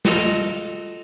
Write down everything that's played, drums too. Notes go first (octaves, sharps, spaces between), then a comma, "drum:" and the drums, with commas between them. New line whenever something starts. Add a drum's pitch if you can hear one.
F4 F#4 A4 D#5 F5, drum: snare